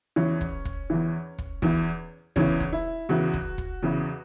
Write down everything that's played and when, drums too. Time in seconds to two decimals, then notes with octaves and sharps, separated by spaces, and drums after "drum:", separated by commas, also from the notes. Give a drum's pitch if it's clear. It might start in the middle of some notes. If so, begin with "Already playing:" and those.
0.16 E2 E3 C#4
0.41 drum: kick
0.65 drum: kick
0.90 E2 E3
1.38 drum: kick
1.62 E2 E3, drum: kick
2.36 E2 C#3 E3 C#4, drum: kick
2.60 drum: kick
2.73 E4
3.09 E2 C#3 E3 F#4
3.34 drum: kick
3.58 drum: kick
3.83 E2 C#3 E3